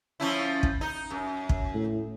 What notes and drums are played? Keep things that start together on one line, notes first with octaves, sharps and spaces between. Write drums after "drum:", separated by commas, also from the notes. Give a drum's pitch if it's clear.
F3 C#4 E4
drum: kick
D#4
F#2
drum: kick
A2